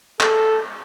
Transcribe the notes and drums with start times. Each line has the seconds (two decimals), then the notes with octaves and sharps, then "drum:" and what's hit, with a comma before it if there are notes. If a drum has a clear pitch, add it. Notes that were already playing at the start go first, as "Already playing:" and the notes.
0.20 A4, drum: clap